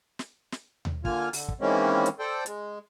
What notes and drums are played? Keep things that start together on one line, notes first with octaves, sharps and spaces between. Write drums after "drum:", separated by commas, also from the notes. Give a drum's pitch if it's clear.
drum: snare
drum: snare
drum: tom D#2
D3 A#3 F4 G#5 F6, drum: kick
D3, drum: open hi-hat
drum: kick
D#3 E3 G#3 A#3 C4 C#4
drum: hi-hat
A4 C5 D5 G5
G#3, drum: hi-hat